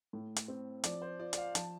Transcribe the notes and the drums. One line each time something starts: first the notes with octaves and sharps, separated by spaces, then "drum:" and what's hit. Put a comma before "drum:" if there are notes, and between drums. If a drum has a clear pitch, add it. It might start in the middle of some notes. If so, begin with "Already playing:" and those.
A2
drum: hi-hat
C4
F3 D5, drum: hi-hat
C5
F4 D5
D5, drum: hi-hat
F5
F3 A5, drum: hi-hat